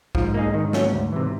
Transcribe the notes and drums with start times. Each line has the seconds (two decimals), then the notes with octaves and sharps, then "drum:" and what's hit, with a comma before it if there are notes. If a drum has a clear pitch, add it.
0.15 G#2 F3, drum: kick B1
0.34 A#3 D#4 G#4
0.54 D#3
0.73 F#3 A3 C#4, drum: snare
0.93 D2
1.12 C3 E3